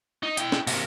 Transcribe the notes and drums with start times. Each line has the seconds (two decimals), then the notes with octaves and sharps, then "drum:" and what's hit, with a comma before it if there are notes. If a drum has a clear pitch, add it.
0.23 D#4
0.37 E4 G5, drum: hi-hat
0.52 drum: snare
0.67 C3 A#3, drum: open hi-hat